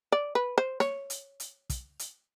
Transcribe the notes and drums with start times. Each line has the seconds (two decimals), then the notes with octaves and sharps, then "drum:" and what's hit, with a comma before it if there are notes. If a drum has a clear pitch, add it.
0.12 D5
0.35 B4
0.58 C5
0.80 C#5, drum: snare
1.10 drum: hi-hat
1.40 drum: hi-hat
1.70 drum: kick, hi-hat
1.99 drum: hi-hat